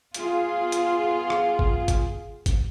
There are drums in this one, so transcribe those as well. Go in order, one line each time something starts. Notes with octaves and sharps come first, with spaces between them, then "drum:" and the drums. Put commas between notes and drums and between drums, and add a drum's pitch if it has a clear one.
B3 F4 G#4, drum: hi-hat
drum: hi-hat
drum: rim click
drum: kick G1
drum: kick G1, hi-hat
drum: kick G1, hi-hat